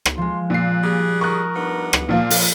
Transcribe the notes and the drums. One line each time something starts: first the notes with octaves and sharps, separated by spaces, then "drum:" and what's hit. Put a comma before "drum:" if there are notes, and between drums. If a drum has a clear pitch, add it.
drum: rim click
F3 G#3 C6
A#2 F#6 C7
G3 G#4
A#4 C#6 D#6 F#6
G2 B3 D#4
drum: rim click
A#2 F3 A#3 F5
drum: open hi-hat